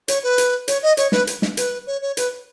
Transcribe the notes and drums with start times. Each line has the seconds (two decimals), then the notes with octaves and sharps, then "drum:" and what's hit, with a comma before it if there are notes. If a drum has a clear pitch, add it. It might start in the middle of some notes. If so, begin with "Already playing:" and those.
0.08 C#5, drum: hi-hat
0.23 B4
0.38 drum: hi-hat
0.68 C#5, drum: hi-hat
0.83 D#5
0.97 C#5, drum: hi-hat
1.12 B4, drum: snare
1.27 drum: hi-hat
1.42 drum: snare
1.57 B4, drum: hi-hat
1.87 C#5
2.02 C#5
2.17 B4, drum: hi-hat